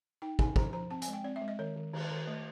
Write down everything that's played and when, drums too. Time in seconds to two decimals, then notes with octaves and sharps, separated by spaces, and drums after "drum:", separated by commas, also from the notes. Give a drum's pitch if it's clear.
0.22 D#4 G5
0.39 D#4 G#5, drum: kick
0.56 F3 A#5, drum: kick
0.73 F3 A#5
0.91 C4 A5
1.02 G#5, drum: hi-hat
1.08 G#3
1.13 G5
1.24 C4 D5
1.36 E5
1.42 G#3
1.48 D#5
1.59 D#3 C#5
1.76 D#3
1.93 D#3, drum: cymbal
2.10 D#3
2.27 A3